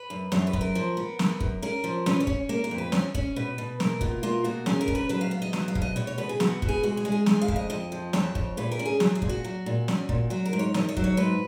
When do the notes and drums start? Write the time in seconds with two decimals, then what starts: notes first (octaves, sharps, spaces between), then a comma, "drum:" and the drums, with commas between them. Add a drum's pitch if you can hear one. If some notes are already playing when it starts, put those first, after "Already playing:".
Already playing: B4
0.10 F#2
0.32 F#2 C#5, drum: snare
0.47 B4
0.53 F#2, drum: kick
0.61 A#4
0.75 F3
0.97 B3
1.19 B3, drum: snare
1.40 F#2, drum: kick
1.62 C#4 A#4
1.84 F3
2.06 C#4 B4, drum: snare
2.20 C#5
2.27 C#4, drum: kick
2.49 A#3 A#4
2.64 A#4
2.71 F2
2.78 B4
2.92 C#4 C#5, drum: snare
3.15 C#4, drum: kick
3.36 B2 B4
3.58 B2
3.80 A#3 A#4, drum: snare
4.01 B2 F4, drum: kick
4.23 A#3 F4
4.44 B2 F#4
4.66 C#4 G#4, drum: snare
4.81 A#4
4.88 B2, drum: kick
4.95 B4
5.09 F#3 B4
5.21 F5
5.31 B3
5.42 D#5
5.53 F#3 D#5, drum: snare
5.68 F5
5.75 B2, drum: kick
5.82 D#5
5.96 B2 C#5
6.07 C#5
6.18 B2 B4
6.29 G#4
6.40 B3 F#4, drum: snare
6.62 B2, drum: kick
6.69 G#4
6.83 G#3 F#4
6.97 G#4
7.05 G#3
7.12 G#4
7.26 G#3 G#4, drum: snare
7.42 F5
7.48 F2, drum: kick
7.56 D#5
7.70 F2 D#5
7.92 F3
8.13 F2 C#5, drum: snare
8.35 F2, drum: kick
8.57 A#2 B4
8.72 A#4
8.79 C#4
8.86 G#4
9.00 F#3 G#4, drum: snare
9.15 G#4
9.22 A#2, drum: kick
9.29 F#4
9.44 F#3
9.66 A#2
9.88 C#4, drum: snare
10.09 A#2, drum: kick
10.30 F#3 F#4
10.46 A#4
10.53 G#2
10.59 C#5
10.74 D#3 D#5, drum: snare
10.89 C#5
10.97 F#3, drum: kick
11.04 C#5
11.17 G#2 B4